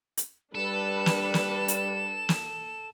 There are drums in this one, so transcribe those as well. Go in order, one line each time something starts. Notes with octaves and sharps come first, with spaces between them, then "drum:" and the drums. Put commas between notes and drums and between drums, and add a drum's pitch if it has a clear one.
drum: hi-hat
G3 D4 A4 B4 E7
drum: snare
drum: snare
drum: hi-hat
drum: snare